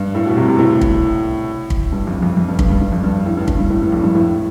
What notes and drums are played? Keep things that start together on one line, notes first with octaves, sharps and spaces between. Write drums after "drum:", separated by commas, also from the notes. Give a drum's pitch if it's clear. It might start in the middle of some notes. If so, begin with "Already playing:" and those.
Already playing: G2
A2
B2
C3
C3
A2
drum: kick
drum: kick
G2
F2
F2
F2
G2
G2, drum: kick
G2
G2
F2
G2
A2
G2
G2, drum: kick
G2
A2
G2
F2
G2
A2